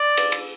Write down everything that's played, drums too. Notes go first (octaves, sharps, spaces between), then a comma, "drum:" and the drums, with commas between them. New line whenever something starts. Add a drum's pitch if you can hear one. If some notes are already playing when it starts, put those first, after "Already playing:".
Already playing: D5
drum: cymbal
drum: cymbal